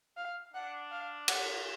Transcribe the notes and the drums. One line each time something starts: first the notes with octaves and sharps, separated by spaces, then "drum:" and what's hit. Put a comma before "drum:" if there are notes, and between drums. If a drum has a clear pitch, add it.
F5
D4 F#5
F5
F#5, drum: cymbal